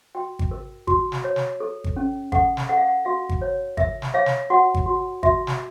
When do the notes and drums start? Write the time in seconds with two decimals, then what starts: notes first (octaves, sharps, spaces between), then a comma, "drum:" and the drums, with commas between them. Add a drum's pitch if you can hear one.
0.15 F#4 G5
0.39 drum: kick G#1
0.51 A#4
0.87 F#4, drum: kick G#1
1.12 drum: snare
1.24 C#5
1.36 drum: snare
1.60 A4
1.84 drum: kick G#1
1.96 C#4
2.32 A4 F#5, drum: kick G#1
2.57 drum: snare
2.69 A4 F#5
2.77 F5
2.85 F#5
3.05 F#4 F5
3.29 drum: kick G#1
3.41 C#5
3.77 A#4 E5, drum: kick G#1
4.02 drum: snare
4.14 C#5 F5
4.26 drum: snare
4.50 F#4 F#5
4.74 drum: kick G#1
4.86 F#4
5.23 F#4 E5, drum: kick G#1
5.47 drum: snare